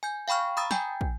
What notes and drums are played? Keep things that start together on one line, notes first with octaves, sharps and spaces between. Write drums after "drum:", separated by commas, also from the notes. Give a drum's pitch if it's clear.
G#5 G6
F5 G5 B5 C#6 F6
A#5 B5 D#6 E6 A6
G5 G#5 G6, drum: snare
drum: kick